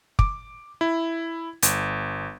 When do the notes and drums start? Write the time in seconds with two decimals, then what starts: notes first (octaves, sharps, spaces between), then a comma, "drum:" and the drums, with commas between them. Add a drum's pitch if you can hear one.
0.19 D6, drum: kick
0.81 E4
1.62 G1, drum: hi-hat